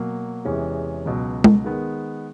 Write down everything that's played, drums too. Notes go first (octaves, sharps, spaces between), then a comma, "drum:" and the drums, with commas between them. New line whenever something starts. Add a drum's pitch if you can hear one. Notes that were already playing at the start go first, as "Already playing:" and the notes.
Already playing: B2 F#3 A#3
E2 C3 E3 G#3 C#4
C#2 B2 F#3
drum: tom G#3
D#3 G#3 B3